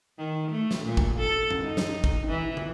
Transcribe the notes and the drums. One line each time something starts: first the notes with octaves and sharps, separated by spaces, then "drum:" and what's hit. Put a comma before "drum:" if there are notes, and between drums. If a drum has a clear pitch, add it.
D#3
A3
drum: snare
A#2
drum: kick
A4
drum: tom
D#4
drum: snare
drum: kick
E3
drum: tom